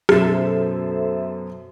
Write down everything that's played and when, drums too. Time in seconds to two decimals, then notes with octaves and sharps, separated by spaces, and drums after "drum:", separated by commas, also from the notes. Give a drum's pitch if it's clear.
0.09 F#2 B2 A4 C5 E5, drum: rim click